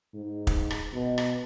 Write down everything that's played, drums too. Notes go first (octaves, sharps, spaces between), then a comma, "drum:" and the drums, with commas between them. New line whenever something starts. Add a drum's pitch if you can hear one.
G#2
drum: kick
drum: rim click
B2
drum: rim click